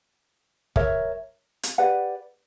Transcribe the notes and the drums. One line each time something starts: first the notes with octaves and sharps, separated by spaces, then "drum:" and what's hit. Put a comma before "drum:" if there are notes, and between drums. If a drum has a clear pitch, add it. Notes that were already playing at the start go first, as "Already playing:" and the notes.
A#4 C#5 E5, drum: kick
drum: hi-hat
G4 B4 D5 F#5